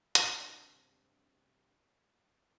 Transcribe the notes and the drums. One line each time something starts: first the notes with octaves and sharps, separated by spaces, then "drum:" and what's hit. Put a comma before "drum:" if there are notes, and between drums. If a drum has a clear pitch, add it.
G2 C3 C4 D4, drum: hi-hat